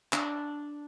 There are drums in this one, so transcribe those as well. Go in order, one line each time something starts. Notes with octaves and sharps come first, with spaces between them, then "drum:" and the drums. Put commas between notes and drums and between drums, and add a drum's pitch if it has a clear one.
D4, drum: clap